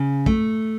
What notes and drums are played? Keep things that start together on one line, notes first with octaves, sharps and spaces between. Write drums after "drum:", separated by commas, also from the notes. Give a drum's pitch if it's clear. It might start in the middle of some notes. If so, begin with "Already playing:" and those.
Already playing: C#3
A3, drum: kick